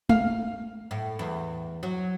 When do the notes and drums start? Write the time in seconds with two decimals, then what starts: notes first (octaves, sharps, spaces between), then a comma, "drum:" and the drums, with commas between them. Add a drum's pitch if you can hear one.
0.09 F5, drum: tom G#3
0.91 A2
1.19 E2
1.83 F#3